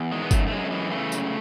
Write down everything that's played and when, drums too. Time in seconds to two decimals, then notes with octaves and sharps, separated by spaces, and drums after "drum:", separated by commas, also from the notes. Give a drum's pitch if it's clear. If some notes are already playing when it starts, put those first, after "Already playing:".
Already playing: E2
0.12 D#3 G#3
0.22 B3
0.31 F#2 A3, drum: kick, tambourine
0.47 A3
0.51 F#2 G#3
0.65 A3
0.71 E3 G#3
0.91 C#3 A3
1.12 F#2, drum: tambourine